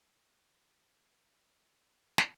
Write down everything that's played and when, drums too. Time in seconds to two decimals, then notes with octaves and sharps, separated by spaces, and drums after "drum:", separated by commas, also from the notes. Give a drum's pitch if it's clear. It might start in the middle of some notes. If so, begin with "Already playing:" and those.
0.14 B2 G4
0.82 A#4 B4 A5
1.19 E5
1.83 F#3
2.18 drum: snare